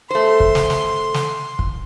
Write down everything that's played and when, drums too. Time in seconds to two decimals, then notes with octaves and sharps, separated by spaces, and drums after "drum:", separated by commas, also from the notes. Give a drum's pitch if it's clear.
0.10 A3 C5 C6
0.40 drum: kick
0.55 drum: snare
0.70 drum: snare
1.14 drum: snare
1.59 drum: kick